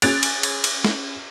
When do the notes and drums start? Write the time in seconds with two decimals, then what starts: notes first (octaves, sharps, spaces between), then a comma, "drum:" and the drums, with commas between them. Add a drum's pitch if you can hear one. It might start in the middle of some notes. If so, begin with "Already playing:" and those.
0.02 C#4 G#4 F#6 A6 D7 F7, drum: cymbal
0.23 drum: cymbal
0.43 drum: cymbal
0.64 drum: cymbal
0.85 drum: snare